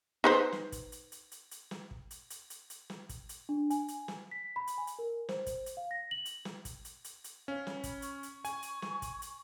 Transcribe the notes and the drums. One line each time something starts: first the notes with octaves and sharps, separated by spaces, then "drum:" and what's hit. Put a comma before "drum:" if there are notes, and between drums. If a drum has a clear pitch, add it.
D#4 B4 C5
drum: snare
drum: kick, hi-hat
drum: hi-hat
drum: hi-hat
drum: hi-hat
drum: hi-hat
drum: snare
drum: kick
drum: hi-hat
drum: hi-hat
drum: hi-hat
drum: hi-hat
drum: snare
drum: kick, hi-hat
drum: hi-hat
D4
G#5, drum: hi-hat
drum: hi-hat
drum: snare
B6
B5
drum: hi-hat
G#5
drum: hi-hat
A#4
C5, drum: snare
drum: kick, hi-hat
drum: hi-hat
F5
A#6
F#7
drum: hi-hat
drum: snare
drum: kick, hi-hat
drum: hi-hat
drum: hi-hat
drum: hi-hat
C#4 F5
B5, drum: snare
drum: kick, hi-hat
C#6, drum: hi-hat
drum: hi-hat
G#5, drum: hi-hat
drum: hi-hat
drum: snare
drum: kick, hi-hat
drum: hi-hat